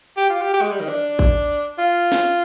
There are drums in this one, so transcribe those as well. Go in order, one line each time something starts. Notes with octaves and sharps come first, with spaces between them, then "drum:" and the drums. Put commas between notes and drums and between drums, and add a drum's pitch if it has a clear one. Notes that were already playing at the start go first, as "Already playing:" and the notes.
G4
F4
G4
G4
G#3
G3
D#3
D4
drum: kick A1
F4
drum: snare